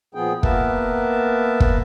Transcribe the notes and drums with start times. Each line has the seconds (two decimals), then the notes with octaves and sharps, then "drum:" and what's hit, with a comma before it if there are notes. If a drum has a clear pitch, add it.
0.14 A#2 F3 B3 G#4 G5
0.43 A#3 B3 A#4 B4 E5 A5, drum: kick
1.60 drum: kick